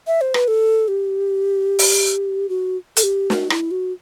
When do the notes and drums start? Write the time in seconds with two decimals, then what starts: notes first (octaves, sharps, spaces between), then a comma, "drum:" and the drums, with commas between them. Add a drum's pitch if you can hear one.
0.07 E5
0.21 C5
0.34 B4, drum: rim click
0.48 A4
0.88 G4
1.79 drum: open hi-hat
2.49 F#4
2.96 A4, drum: hi-hat
3.03 G4
3.30 F#4, drum: snare
3.50 E4, drum: rim click
3.71 F#4